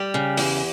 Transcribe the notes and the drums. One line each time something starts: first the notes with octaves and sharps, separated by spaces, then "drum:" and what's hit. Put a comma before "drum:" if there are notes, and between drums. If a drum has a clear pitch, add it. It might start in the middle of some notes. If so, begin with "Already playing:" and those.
Already playing: G3 G4
C#3
E2, drum: open hi-hat